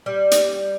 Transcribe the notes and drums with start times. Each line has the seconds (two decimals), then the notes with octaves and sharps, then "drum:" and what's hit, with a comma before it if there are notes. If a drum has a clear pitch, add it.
0.06 G3
0.31 drum: hi-hat